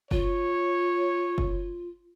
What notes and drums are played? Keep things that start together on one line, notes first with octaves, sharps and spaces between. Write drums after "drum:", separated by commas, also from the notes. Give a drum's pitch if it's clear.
F4 C#5, drum: kick F#1
drum: kick F#1